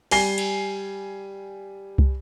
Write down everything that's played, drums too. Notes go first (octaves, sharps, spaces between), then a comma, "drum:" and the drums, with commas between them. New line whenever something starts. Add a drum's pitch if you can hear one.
G3 G#5 C7 G7, drum: open hi-hat
drum: cymbal
drum: kick